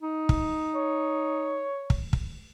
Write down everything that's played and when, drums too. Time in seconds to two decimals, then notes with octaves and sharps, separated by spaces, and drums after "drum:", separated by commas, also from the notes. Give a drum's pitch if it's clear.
0.02 D#4
0.29 drum: kick
0.75 C#5
1.90 drum: kick
2.13 drum: kick